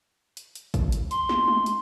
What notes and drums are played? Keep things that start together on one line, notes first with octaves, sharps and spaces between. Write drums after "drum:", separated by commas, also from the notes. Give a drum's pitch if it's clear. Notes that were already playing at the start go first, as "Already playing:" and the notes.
drum: hi-hat
drum: hi-hat
drum: kick, hi-hat
drum: hi-hat
C6, drum: hi-hat
drum: snare
drum: tom G#3
drum: hi-hat